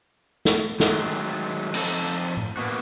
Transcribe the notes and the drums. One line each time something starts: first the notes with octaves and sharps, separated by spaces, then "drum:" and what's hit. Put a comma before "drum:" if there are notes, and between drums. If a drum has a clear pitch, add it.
drum: snare
D#3 F#3 G#3 A3, drum: snare
F2 D#4 A4, drum: cymbal
drum: tom A2
A#3 B3 F#4